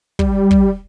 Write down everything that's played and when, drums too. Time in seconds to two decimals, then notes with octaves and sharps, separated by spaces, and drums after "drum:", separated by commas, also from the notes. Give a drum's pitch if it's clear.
0.19 G3, drum: kick
0.51 drum: kick